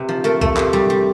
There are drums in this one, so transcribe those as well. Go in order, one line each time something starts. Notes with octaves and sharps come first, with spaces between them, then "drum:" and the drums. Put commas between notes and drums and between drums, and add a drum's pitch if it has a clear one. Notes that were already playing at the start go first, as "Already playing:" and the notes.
Already playing: C3 B4
F3
A3 A#4
A3, drum: kick B1
C3, drum: clap
G3
G3